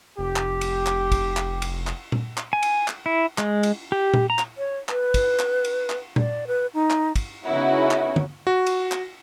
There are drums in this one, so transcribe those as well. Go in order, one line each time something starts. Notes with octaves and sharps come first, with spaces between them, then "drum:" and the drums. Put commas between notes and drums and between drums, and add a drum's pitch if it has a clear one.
F1 G4
drum: clap
drum: cymbal
drum: clap
drum: kick, cymbal
drum: clap
drum: cymbal
drum: clap
drum: tom A#2
drum: clap
G#5
drum: cymbal
drum: clap
E4
G#3, drum: clap
drum: cymbal
G4
drum: tom A#2
A#5
drum: clap
C#5
B4, drum: clap
drum: kick, cymbal
drum: clap
drum: cymbal
drum: clap
D5, drum: tom A#2
B4
D#4
drum: clap
drum: kick, cymbal
C#3 B3 C#4 D#4 E4 F#4
drum: clap
drum: tom D3
F#4
drum: cymbal
drum: clap